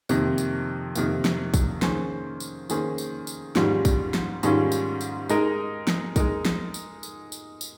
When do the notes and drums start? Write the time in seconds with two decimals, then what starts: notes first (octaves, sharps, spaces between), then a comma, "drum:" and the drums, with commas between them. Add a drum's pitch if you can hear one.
0.09 F2 C3 D#3 A#3, drum: tambourine
0.38 drum: tambourine
0.95 F2 C3 D#3 A#3, drum: tambourine
1.25 drum: snare
1.54 drum: kick, tambourine
1.82 D#3 A#3 C#4 G#4 C5, drum: snare
2.40 drum: tambourine
2.70 D#3 A#3 C#4 G#4 C5, drum: tambourine
2.98 drum: tambourine
3.27 drum: tambourine
3.56 G#2 D#3 G3 C#4 F4, drum: snare
3.85 drum: kick, tambourine
4.14 drum: snare
4.43 G#2 D#3 G3 C#4 F4, drum: tambourine
4.72 drum: tambourine
5.01 drum: tambourine
5.29 G#3 D#4 A#4, drum: tambourine
5.87 drum: snare
6.16 G#3 D#4 A#4, drum: kick, tambourine
6.45 drum: snare
6.74 drum: tambourine
7.03 drum: tambourine
7.32 drum: tambourine
7.61 drum: tambourine